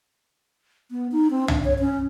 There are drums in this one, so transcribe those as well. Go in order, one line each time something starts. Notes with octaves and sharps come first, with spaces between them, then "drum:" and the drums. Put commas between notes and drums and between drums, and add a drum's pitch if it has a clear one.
B3
D#4
C4
D4, drum: tom C2
C#5
C#4